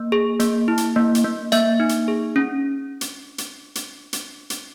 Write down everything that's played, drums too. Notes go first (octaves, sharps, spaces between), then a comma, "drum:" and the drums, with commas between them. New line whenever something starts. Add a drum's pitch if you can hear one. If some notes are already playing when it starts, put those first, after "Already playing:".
Already playing: A#3
G#4
A#3, drum: hi-hat
E4
drum: hi-hat
A#3
drum: hi-hat
A#3
A#3 E5, drum: hi-hat
D#4
drum: hi-hat
G#4
C#4
drum: hi-hat
drum: hi-hat
drum: hi-hat
drum: hi-hat
drum: hi-hat